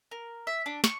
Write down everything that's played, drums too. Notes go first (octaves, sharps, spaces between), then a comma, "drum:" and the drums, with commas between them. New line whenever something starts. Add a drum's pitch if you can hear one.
A#4
E5
D4
C#6, drum: snare